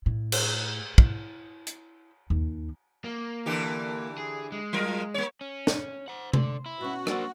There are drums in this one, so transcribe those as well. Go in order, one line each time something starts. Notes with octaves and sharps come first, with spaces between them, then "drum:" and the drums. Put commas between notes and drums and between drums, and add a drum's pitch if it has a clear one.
A2
drum: cymbal
E4, drum: kick
drum: hi-hat
D#2
A#3
D3 E3 G4
G#4
G#3
F#3 F4 A#4
A#3 C#5
C#4
drum: snare
C5 F#5
D3 C5 D5, drum: tom C3
E4
B2 C#4 F#4
F#3 A#3 D4 C5 D5, drum: rim click